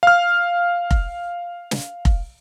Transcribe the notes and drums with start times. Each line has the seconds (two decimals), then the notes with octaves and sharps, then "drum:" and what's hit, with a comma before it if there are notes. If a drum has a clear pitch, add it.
0.03 F5 F6
0.91 drum: kick F1
1.71 drum: snare
2.05 drum: kick F1